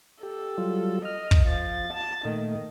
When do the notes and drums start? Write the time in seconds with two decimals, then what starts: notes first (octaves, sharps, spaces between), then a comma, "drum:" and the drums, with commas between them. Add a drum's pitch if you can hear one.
0.23 G4 A4
0.58 F#3 G3 F4
1.05 D#5 F6
1.31 drum: kick
1.47 F3 A6
1.93 A5
2.25 A#2 D#3 A3